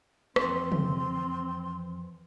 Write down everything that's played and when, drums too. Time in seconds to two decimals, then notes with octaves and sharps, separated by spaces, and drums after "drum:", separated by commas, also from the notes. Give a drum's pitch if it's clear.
0.36 F2 E3 F3 C4 C6, drum: rim click
0.72 drum: tom